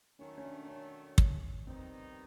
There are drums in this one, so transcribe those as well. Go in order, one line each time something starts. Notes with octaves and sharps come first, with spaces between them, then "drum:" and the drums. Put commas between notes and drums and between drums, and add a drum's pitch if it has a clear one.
D#3 F#3 A3 C#4
C#4
D4
C#4
drum: kick
D#3 G3 B3 C4 D#4